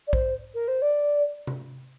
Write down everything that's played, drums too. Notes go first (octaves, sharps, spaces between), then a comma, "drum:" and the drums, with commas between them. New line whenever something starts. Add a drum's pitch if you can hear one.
D5
C5, drum: kick A#1
A#4
C5
D5
drum: tom C3